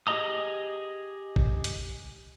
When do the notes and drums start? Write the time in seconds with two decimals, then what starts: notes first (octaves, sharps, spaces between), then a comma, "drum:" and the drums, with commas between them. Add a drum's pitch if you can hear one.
0.07 G4 G#4 D#5 A#5 D#6
1.36 drum: kick
1.64 drum: hi-hat